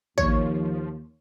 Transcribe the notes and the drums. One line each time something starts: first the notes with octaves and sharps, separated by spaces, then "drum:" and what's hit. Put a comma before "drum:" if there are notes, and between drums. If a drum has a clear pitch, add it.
D#2 F3 C#5, drum: kick